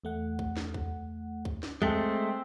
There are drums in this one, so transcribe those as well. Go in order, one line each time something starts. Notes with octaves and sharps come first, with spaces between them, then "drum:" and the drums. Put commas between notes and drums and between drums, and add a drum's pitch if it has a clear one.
E2 A3 F#5
drum: kick
drum: snare
drum: kick
drum: kick
drum: snare
G#3 A3 C4 G#4 G#5 A5, drum: kick